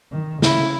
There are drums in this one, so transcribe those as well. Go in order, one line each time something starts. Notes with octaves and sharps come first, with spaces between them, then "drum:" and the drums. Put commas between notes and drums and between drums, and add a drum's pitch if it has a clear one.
D#3
C#3 E4, drum: snare